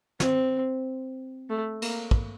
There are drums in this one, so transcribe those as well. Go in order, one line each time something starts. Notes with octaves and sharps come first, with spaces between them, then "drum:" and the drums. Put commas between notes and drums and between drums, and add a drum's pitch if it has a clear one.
C4, drum: snare
A3
A#3, drum: cymbal
drum: kick